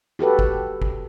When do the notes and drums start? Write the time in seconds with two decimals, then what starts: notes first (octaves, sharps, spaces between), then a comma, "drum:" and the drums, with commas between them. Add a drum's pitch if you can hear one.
0.19 F#4 G4 A4 B4
0.39 drum: kick G1
0.82 drum: kick G1